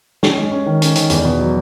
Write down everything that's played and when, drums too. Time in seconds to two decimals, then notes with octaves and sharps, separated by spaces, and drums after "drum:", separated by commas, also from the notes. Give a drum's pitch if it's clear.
0.23 C#4, drum: snare
0.37 G#3
0.52 C#4
0.66 D#3
0.82 C#4, drum: hi-hat
0.96 D#3, drum: hi-hat
1.10 E2, drum: hi-hat
1.25 B2
1.39 F#3